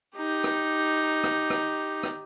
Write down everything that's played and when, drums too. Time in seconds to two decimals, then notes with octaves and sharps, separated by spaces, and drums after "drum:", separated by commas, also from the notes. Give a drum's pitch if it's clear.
0.17 D#4 G4
0.44 drum: rim click
1.24 drum: rim click
1.50 drum: rim click
2.03 drum: rim click